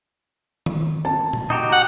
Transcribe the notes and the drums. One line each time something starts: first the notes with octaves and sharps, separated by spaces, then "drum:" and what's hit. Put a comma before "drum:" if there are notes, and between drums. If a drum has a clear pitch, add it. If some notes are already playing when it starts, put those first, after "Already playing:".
drum: tom D#3
A5
drum: tom A#2
D#4 F#4 G4
F#5